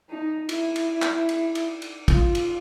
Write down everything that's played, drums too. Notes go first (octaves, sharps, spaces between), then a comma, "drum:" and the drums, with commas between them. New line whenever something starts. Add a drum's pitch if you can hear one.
D#4
E4, drum: cymbal
drum: cymbal
drum: clap
drum: cymbal
drum: cymbal
drum: cymbal
F4, drum: kick, cymbal
drum: cymbal